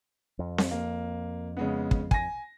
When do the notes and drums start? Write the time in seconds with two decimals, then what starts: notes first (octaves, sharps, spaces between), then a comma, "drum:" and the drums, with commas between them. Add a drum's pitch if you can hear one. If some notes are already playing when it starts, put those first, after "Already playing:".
0.39 F2
0.58 drum: snare C4
0.71 A#3
1.57 C#3 G#3 B3
1.91 drum: kick
2.11 G#5 A#6, drum: kick